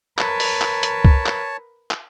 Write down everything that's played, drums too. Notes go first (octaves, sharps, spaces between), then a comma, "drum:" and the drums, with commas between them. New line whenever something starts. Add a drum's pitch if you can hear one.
A#4 B4 C#5 A5, drum: clap
drum: open hi-hat
drum: clap
drum: hi-hat
drum: kick
drum: clap
drum: clap